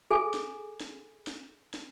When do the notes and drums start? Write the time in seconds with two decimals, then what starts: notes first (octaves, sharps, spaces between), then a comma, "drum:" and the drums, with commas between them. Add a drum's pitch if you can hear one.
0.11 G#4 A4 G#5
0.34 drum: snare
0.81 drum: snare
1.27 drum: snare
1.74 drum: snare